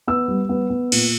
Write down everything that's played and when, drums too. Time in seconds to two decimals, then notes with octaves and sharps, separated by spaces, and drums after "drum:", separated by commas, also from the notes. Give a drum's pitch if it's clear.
0.07 B3 E6
0.28 G3
0.49 B3
0.70 B3
0.92 A#2, drum: cymbal